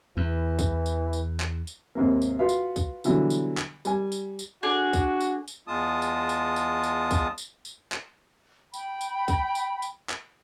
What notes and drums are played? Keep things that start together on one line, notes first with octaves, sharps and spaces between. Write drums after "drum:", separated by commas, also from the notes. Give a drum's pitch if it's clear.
E2 E3
drum: kick C2, tambourine
drum: tambourine
drum: tambourine
drum: clap
drum: tambourine
D#2 G#2 C3 A#3
drum: tambourine
F4 F#4 B4 F5
drum: tambourine
drum: kick C2, tambourine
B2 D3 E3 F#3 G3, drum: tambourine
drum: tambourine
drum: clap
G3 G#5, drum: tambourine
drum: tambourine
drum: tambourine
D4 F#4 G#4
drum: kick C2, tambourine
drum: tambourine
drum: tambourine
E2 G#3 F4 A5 D#6
drum: tambourine
drum: tambourine
drum: tambourine
drum: tambourine
drum: kick C2, tambourine
drum: tambourine
drum: tambourine
drum: clap
G5 B5, drum: tambourine
drum: tambourine
drum: kick C2, tambourine
drum: tambourine
drum: tambourine
drum: clap